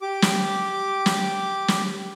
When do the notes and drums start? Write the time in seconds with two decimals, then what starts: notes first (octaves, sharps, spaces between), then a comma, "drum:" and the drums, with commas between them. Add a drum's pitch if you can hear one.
0.01 G4 D6
0.22 drum: snare
1.06 drum: snare
1.68 drum: snare